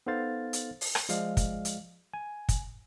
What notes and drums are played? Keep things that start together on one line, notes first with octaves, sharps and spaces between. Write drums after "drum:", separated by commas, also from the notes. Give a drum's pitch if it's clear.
B3 D#4 A4 C5 F5 A6
drum: hi-hat
drum: open hi-hat
drum: rim click
F3 G#3 D5 F5, drum: hi-hat
drum: kick, hi-hat
drum: hi-hat
G#5
drum: kick, hi-hat